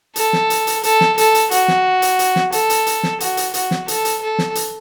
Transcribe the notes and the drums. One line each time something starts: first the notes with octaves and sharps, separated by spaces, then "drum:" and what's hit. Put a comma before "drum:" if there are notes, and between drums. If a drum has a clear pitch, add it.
A4, drum: hi-hat
drum: snare
drum: hi-hat
drum: hi-hat
A4, drum: hi-hat
drum: snare
A4, drum: hi-hat
drum: hi-hat
F#4, drum: hi-hat
drum: snare
drum: hi-hat
drum: hi-hat
drum: snare
A4, drum: hi-hat
drum: hi-hat
drum: hi-hat
drum: snare
F#4, drum: hi-hat
drum: hi-hat
F#4, drum: hi-hat
drum: snare
A4, drum: hi-hat
drum: hi-hat
A4
drum: snare
drum: hi-hat